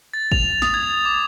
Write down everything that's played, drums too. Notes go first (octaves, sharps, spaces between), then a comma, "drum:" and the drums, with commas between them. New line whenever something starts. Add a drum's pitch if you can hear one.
A6
F7, drum: kick
D#6, drum: snare
G#6
D6